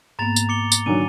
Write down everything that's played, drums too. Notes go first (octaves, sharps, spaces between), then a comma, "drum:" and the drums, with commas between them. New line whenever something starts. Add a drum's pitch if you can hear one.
G#2 A#3 B3 A#5 A6 F7
drum: tambourine
D6 C#7 G7
drum: tambourine
D3 D#3 F#3 G#5 D6 D#7